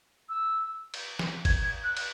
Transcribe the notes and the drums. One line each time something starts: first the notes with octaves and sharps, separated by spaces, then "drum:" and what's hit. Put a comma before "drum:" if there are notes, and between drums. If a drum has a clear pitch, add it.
E6
drum: cymbal
drum: snare
G#6, drum: kick G1, cymbal
G#6
F#6
drum: cymbal